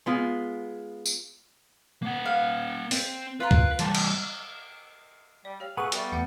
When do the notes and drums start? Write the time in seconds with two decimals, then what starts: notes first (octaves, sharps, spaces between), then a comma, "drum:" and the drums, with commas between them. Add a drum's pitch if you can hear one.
0.06 G#3 B3 F4
1.06 drum: tambourine
2.02 A#3 F#5
2.26 F5
2.91 C4, drum: open hi-hat
3.40 F4 A#4 B4 C6
3.51 drum: kick
3.79 E3 G3 C5 A5, drum: hi-hat
3.95 drum: cymbal
5.45 G3 D5
5.60 G4 C#5 F5 G5
5.77 A3 G#4 B4 F5 F#5 A#5 C#6
5.92 G3 B3 G4 A4 E5, drum: hi-hat
6.12 E2 A3 F#5 D6 C#7